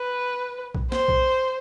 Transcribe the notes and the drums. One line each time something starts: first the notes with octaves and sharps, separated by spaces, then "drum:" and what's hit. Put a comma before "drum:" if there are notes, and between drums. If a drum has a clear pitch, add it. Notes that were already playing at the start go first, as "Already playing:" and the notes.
Already playing: B4
drum: kick B1
C5, drum: snare A#3
drum: kick B1